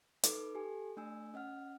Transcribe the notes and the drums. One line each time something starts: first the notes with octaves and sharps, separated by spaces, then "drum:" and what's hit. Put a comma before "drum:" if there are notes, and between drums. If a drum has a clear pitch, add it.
D#4 A4 B4 D6, drum: hi-hat
G4 A4 G#5
A3 D4 G#5 E6
C#4 D#5 F#5 F6